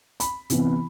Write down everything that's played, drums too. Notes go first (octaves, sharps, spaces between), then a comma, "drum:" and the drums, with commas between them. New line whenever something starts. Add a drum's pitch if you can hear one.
B5, drum: hi-hat
C3 E3 B3 E4, drum: hi-hat